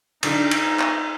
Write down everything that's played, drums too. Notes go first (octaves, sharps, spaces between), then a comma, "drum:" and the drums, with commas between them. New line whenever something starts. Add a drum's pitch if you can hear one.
D3 D4 D#4, drum: cymbal
drum: cymbal
drum: clap